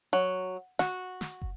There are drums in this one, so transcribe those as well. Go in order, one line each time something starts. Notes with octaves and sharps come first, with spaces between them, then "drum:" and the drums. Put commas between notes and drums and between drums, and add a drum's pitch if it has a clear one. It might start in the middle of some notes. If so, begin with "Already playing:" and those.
F#3
F#4, drum: snare
drum: snare
drum: kick